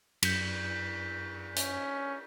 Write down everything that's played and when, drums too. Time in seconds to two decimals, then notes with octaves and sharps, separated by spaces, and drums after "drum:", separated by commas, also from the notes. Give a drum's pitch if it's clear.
0.23 F#2 G6 B6, drum: cymbal
1.56 C#4, drum: hi-hat